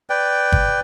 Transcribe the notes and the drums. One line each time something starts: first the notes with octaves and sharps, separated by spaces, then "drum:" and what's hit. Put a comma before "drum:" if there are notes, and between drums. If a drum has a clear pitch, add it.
B4 D5 G5
drum: kick G1